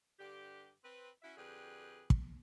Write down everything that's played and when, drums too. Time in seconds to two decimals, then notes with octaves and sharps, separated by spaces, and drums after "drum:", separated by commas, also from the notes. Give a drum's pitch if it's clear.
0.20 G2 D3 G4
0.84 C4 B4
1.23 C#4 E4 F#4 E5
1.38 F2 D3 G4 G#4 B4
2.10 drum: kick